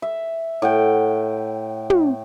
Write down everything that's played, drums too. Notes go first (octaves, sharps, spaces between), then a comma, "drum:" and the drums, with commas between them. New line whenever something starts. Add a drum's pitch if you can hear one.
E5
A2 F#5 G5
drum: tom